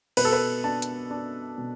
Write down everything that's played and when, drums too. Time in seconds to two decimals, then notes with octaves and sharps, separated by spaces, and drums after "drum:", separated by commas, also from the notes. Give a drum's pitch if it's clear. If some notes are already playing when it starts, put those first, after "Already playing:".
0.17 B2 B4, drum: cymbal
0.25 A4
0.33 B4
0.64 D4 A5
0.82 drum: hi-hat
1.11 D4
1.58 B2